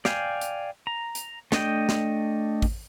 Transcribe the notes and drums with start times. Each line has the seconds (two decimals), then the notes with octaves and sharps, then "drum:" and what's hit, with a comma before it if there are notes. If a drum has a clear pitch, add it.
0.05 D5 F5 G5 G#5, drum: snare
0.41 drum: hi-hat
0.87 A#5
1.15 drum: hi-hat
1.52 A3 D4 D#5 G5, drum: snare
1.89 drum: snare
2.62 drum: kick, open hi-hat